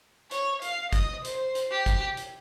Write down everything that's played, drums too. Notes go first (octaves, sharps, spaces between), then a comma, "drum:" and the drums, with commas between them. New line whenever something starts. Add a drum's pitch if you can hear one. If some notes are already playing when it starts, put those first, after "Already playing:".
C#5, drum: hi-hat
F5, drum: hi-hat
D#5, drum: kick, hi-hat
C5, drum: hi-hat
drum: hi-hat
G4
drum: kick, hi-hat
drum: hi-hat